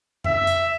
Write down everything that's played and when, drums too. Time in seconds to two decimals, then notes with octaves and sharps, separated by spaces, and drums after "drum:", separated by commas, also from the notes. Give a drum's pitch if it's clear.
0.24 E5, drum: tom F2
0.47 drum: hi-hat